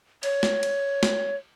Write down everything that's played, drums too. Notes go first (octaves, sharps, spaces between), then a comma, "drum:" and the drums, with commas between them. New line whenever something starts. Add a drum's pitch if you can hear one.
C#5, drum: cymbal
drum: snare
drum: cymbal
drum: snare